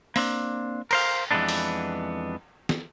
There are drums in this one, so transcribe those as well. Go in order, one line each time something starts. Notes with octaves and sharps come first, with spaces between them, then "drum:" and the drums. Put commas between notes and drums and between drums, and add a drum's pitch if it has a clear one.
A#3 C4 D4, drum: open hi-hat
A#4 C5 F5, drum: cymbal
F2 E3 G#3 A3 B3 D4
drum: open hi-hat
drum: snare